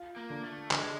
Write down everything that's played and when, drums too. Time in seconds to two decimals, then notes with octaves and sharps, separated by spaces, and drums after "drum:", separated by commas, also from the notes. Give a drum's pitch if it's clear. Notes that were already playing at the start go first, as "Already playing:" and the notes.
Already playing: F4
0.16 A#3
0.30 D3
0.44 A3
0.71 D3 G#3, drum: clap